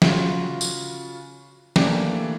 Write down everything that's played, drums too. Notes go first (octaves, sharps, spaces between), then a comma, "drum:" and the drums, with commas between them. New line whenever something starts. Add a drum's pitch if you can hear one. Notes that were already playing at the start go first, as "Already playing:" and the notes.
C#3 F4 F#4, drum: snare
drum: tambourine
E3 A3 A#3 D4 G4 D5, drum: snare